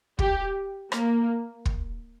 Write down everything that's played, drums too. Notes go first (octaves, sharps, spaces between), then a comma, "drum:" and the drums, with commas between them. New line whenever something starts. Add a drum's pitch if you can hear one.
G4, drum: kick
A#3, drum: rim click
drum: kick